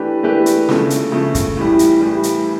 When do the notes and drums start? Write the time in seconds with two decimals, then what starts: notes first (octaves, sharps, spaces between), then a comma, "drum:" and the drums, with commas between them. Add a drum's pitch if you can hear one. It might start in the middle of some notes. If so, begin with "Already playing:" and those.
Already playing: E3 A3 D4 G4 B4
0.23 E3 A3 D4 G4 B4
0.46 drum: hi-hat
0.69 C#3 F3 A3, drum: snare
0.90 drum: hi-hat
1.12 C#3 F3 A3
1.35 drum: kick, hi-hat
1.57 A2 E3 G3
1.79 drum: hi-hat
2.01 A2 E3 G3
2.23 drum: hi-hat